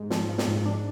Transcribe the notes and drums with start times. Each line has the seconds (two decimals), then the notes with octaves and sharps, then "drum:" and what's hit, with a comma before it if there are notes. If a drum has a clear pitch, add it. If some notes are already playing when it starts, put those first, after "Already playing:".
Already playing: G#2
0.11 F3, drum: snare
0.29 F3
0.38 drum: snare
0.48 G#2
0.66 D4